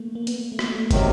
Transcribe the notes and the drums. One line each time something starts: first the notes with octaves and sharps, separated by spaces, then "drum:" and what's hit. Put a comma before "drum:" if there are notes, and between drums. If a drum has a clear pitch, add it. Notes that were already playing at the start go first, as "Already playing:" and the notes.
Already playing: A3 A#3
A#3
B3, drum: hi-hat
A3
A#3, drum: rim click
A3
C3 D#3 F#3 G#3, drum: kick, hi-hat